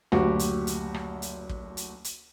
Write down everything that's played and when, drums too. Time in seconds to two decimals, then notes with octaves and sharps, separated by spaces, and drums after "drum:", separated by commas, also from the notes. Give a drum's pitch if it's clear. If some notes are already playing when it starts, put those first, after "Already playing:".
0.12 F#1 D2 F#4 G4, drum: rim click
0.39 drum: hi-hat
0.67 drum: hi-hat
0.94 drum: rim click
1.22 drum: hi-hat
1.49 drum: kick
1.77 drum: hi-hat
2.04 drum: hi-hat